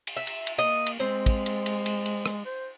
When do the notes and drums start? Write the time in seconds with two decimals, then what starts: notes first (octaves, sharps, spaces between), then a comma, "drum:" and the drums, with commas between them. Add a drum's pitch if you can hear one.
0.07 drum: cymbal
0.16 E5
0.27 drum: cymbal
0.47 drum: cymbal
0.58 A#3 D#5
0.87 drum: cymbal
1.00 G#3 C4
1.26 drum: kick, cymbal
1.46 drum: cymbal
1.66 drum: cymbal
1.86 drum: cymbal
2.06 drum: cymbal
2.26 drum: rim click
2.45 C5